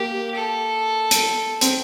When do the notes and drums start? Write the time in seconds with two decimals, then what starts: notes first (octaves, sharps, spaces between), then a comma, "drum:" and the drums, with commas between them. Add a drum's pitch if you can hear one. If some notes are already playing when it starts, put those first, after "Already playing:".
Already playing: A#3 G4
0.35 A4
1.11 drum: hi-hat
1.61 C4, drum: hi-hat